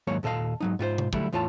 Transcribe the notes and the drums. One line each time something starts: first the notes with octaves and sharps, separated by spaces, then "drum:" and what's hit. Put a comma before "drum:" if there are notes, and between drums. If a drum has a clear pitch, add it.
D#2 G#2 F#3 A#3 C#5 F5
D#2 A#2 A4 D#5 F5
G#2 F#3 D#4
G#2 F4 F#4 C5
drum: tom B2
D3 F#3 G3 A3 E4, drum: kick
E2 A2 F4 C#5 A5